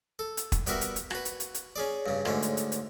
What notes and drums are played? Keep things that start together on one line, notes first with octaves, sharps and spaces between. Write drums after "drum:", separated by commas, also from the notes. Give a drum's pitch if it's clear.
A4
drum: hi-hat
drum: kick, hi-hat
G3 B3 F#4 A#4 E5, drum: hi-hat
drum: hi-hat
drum: hi-hat
F#4 B4, drum: rim click
drum: hi-hat
drum: hi-hat
drum: hi-hat
C#4 G#4 D5
G2 C#3
D2 G#2 D3 C#4, drum: rim click
drum: hi-hat
drum: hi-hat
drum: hi-hat